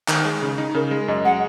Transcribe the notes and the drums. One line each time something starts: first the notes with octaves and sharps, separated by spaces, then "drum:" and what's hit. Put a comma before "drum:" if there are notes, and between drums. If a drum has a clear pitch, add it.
D#3, drum: clap
G#3
C#3
D#4
C#3 A#4
G#3
F#2 D#5
G#3 F#5